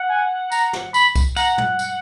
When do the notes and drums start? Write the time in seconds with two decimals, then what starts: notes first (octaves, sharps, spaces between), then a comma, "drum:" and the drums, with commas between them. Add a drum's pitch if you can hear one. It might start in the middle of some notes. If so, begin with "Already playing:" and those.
Already playing: F#5
0.10 G#5
0.52 A#5, drum: tambourine
0.73 drum: snare
0.94 B5, drum: tambourine
1.15 drum: kick C2, tambourine
1.36 F#5 A#5, drum: tambourine
1.58 drum: tom
1.79 drum: tambourine